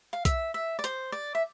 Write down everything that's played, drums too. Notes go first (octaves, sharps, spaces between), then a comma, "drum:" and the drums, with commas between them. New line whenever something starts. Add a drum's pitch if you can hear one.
F5
E5, drum: kick B1, hi-hat
E5
D5
C5, drum: hi-hat
D5
E5